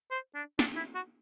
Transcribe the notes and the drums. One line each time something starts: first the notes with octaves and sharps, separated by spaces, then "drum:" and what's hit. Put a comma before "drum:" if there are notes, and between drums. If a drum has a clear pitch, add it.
C5
D4
D4, drum: snare
E4
F#4